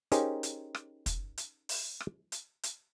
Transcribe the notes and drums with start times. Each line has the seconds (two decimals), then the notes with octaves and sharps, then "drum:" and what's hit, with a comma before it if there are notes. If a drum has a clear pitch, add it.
0.12 C#4 D#4 G4 G#4 A#4 C5, drum: hi-hat
0.43 drum: hi-hat
0.75 drum: rim click
1.06 drum: kick, hi-hat
1.37 drum: hi-hat
1.69 drum: open hi-hat
2.00 drum: rim click
2.32 drum: hi-hat
2.63 drum: hi-hat